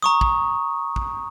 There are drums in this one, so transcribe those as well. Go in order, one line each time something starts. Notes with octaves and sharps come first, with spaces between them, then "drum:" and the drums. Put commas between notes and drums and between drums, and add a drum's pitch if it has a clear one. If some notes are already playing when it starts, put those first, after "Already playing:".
A#5 C#6 D#6
drum: kick
drum: kick